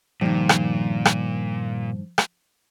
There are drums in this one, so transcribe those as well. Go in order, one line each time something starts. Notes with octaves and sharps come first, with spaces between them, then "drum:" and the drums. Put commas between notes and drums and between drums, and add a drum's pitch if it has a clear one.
G2 A#2 D#3 F3
drum: rim click
drum: rim click
drum: rim click